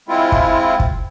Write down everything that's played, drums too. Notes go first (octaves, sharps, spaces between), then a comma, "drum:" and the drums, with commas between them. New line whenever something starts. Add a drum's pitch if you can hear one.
G#3 C4 E4 F4
drum: kick
drum: kick